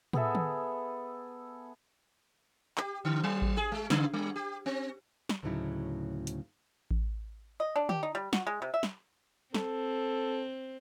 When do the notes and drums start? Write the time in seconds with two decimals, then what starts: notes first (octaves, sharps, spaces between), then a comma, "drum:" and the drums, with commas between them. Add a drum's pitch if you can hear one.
0.13 B3 G#4 A4 E5, drum: tom
0.35 drum: tom
2.78 G4, drum: clap
3.05 D3
3.24 F#3
3.42 drum: kick A1
3.57 G#4
3.72 G#3
3.90 C#3, drum: snare
4.13 G3
4.36 G4
4.66 C4
5.29 drum: snare
5.43 D2 A2 C#3 F#3 D#4 E4
6.27 drum: hi-hat
6.91 drum: kick A1
7.60 D#5
7.76 D4
7.89 G4, drum: tom
8.03 D#4
8.15 G3
8.33 F#4, drum: snare
8.47 G#3
8.62 C3
8.74 E5
8.83 drum: snare
9.54 C4 A4, drum: snare